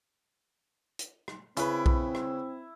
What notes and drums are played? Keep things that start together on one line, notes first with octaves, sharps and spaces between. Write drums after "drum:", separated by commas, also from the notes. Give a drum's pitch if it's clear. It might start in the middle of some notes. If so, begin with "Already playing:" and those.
drum: hi-hat
drum: rim click
C#3 C4 E4 B4, drum: hi-hat
drum: kick B1
drum: rim click